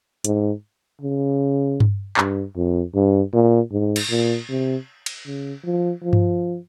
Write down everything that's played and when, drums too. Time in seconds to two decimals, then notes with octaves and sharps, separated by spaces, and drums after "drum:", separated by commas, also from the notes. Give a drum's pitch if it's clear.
0.25 G#2, drum: hi-hat
1.01 C#3
1.80 drum: tom G2
2.17 G2, drum: clap
2.56 F2
2.95 G2
3.34 A#2
3.72 G#2
3.96 drum: cymbal
4.10 A#2
4.49 C3
5.06 drum: cymbal
5.26 C#3
5.64 F3
6.03 F3
6.13 drum: tom G2